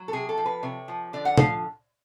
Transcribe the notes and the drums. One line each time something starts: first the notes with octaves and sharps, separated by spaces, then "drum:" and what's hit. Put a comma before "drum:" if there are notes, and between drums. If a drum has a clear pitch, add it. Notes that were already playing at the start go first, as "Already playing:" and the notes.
Already playing: F#3
A4
C3 G#4
A4
F3
B4
C3 C#5
F3
D3 D5
F#5
F3 F5, drum: tom